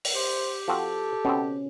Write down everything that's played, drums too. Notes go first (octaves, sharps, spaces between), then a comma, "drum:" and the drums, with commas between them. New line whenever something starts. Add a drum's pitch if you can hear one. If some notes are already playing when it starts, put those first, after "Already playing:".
drum: open hi-hat
G4 C5
F3 C4 F#4 A4
B2 C4 C#4